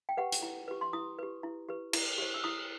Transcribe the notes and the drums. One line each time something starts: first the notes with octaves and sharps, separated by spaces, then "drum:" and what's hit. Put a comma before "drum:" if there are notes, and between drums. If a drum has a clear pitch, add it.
G5
G4 B4 F#5
drum: hi-hat
E4
G4 B4
C6
E4 D#6
G4 B4
E4
G4 B4
E4, drum: cymbal
G4 C5
E6
E4 D#6